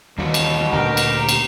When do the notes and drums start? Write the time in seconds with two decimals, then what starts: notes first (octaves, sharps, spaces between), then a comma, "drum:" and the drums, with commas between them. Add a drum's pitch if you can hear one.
0.18 D#2 B2 E3 G3 F#4
0.34 drum: cymbal
0.73 D2 A#2 G4 A#4
0.97 drum: cymbal
1.29 drum: cymbal